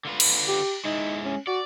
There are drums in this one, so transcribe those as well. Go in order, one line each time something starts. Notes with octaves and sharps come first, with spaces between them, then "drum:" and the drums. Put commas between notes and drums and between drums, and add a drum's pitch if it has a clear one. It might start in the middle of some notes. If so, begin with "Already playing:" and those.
D3 F4 B4
drum: cymbal
G4
G#3 D#4 E4
C#4
F#4 D5